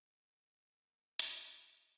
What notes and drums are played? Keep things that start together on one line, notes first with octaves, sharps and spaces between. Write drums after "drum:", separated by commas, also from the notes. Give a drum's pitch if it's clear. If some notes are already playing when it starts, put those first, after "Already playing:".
Already playing: A#3
A#3
G3, drum: hi-hat